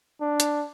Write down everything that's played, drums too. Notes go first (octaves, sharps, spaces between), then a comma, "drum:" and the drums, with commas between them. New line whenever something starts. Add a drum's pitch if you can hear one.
D4
drum: hi-hat